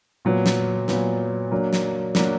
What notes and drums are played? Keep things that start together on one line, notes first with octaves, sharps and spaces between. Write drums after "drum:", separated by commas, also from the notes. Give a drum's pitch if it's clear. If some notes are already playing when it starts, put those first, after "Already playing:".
A#2 F#3 B3
drum: snare
A#2 F#3 B3, drum: snare
F#3 A#3 D4
drum: snare
F#3 A#3 D4, drum: snare